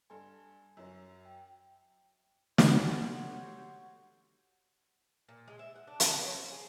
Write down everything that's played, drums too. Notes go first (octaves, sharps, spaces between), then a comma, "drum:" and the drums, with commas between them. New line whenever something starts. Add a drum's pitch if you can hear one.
G2 A4 G#5 C6
F#2 F#3 E6
G5
F#4 G4 A4 C5 C#5 F#5, drum: snare
A#2
G#3
E5
F#5
D4
D4, drum: hi-hat
D#5
C#5
C5
G#4